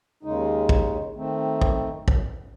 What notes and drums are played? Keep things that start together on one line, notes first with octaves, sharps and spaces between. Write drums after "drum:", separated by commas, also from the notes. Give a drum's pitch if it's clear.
D#2 C#3 G#3 D#4
drum: kick
D#3 A3 C4
drum: kick
drum: kick